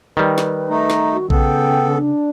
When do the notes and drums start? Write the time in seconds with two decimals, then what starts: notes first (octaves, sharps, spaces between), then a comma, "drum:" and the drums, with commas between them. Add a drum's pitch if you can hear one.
0.17 D#3 G3 B4
0.38 drum: snare
0.69 A3 D#4 A#5
0.90 drum: snare
1.13 F#4
1.30 C#3 B3 A4 G5, drum: kick A#1
1.96 D4